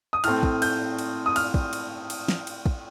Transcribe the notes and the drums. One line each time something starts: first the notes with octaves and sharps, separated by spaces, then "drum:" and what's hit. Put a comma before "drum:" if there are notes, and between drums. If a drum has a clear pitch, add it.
D#6
A2 A3 C4 F6, drum: cymbal
drum: kick
G6, drum: cymbal
drum: cymbal
D#6
F6, drum: cymbal
drum: kick
drum: cymbal
drum: cymbal
drum: snare
drum: cymbal
drum: kick